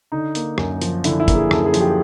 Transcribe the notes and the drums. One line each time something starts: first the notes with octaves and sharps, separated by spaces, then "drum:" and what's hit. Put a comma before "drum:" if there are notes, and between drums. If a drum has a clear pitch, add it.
D3 D#4
A#3, drum: hi-hat
F#2, drum: rim click
F3, drum: hi-hat
D3 E4, drum: hi-hat
E4
A#3, drum: kick, hi-hat
G#4
F#2 A4, drum: rim click
G#4
F3, drum: hi-hat
G4